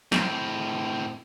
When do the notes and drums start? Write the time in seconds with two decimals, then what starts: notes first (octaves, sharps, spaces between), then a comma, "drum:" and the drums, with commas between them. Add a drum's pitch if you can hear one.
0.12 A2 C4, drum: snare